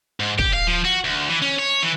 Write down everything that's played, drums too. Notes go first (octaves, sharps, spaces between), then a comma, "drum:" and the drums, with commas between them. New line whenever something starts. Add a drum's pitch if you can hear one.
G#2
G4, drum: kick
F5
F3
F#4
D2
E3
C#4
C#5
E3